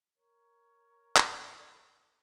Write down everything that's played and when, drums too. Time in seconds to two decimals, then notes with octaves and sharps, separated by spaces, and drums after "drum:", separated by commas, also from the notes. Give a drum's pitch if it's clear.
0.16 A#4 C#5
1.16 drum: clap